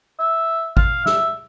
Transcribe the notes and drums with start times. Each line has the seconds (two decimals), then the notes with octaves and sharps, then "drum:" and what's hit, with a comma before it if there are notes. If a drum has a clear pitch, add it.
0.19 E5
0.77 F5, drum: kick G#1
1.06 E5, drum: snare